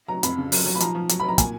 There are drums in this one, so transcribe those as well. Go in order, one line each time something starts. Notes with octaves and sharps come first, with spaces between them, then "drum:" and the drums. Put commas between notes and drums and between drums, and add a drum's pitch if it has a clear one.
F#3 A#5
F2 B5, drum: hi-hat
C#3
F#3, drum: open hi-hat
F#3
B5
F3 A#5, drum: hi-hat
F3
F#3, drum: hi-hat
F#3 B5
A#5
A#2 G#5, drum: kick, hi-hat